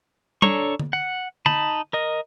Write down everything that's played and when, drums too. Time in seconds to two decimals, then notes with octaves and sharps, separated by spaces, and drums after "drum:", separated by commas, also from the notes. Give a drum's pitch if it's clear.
0.42 D4 A4 C#5 A#5 C#6, drum: tom G3
0.79 drum: tom D3
0.93 F#5
1.46 D#4 A5 B5, drum: tom D3
1.93 A#4 D#5